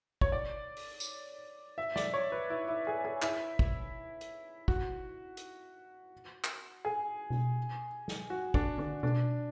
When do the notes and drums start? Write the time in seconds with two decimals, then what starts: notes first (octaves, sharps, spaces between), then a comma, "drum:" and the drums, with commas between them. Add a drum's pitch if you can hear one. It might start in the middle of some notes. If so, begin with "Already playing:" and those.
0.21 C#5, drum: kick
0.32 D5
0.77 drum: open hi-hat
1.00 drum: tambourine
1.78 E5
1.96 D5, drum: snare
2.14 C#5
2.32 B4
2.50 E4
2.68 E4
2.87 G#4
3.05 G#4
3.22 E4, drum: clap
3.59 drum: kick
4.21 drum: hi-hat
4.68 F#4, drum: kick
5.37 drum: hi-hat
6.44 drum: clap
6.85 G#4
7.30 drum: tom B2
8.08 drum: snare
8.30 F#4
8.54 D4, drum: kick
8.79 D4, drum: tom D3
9.03 D4, drum: tom B2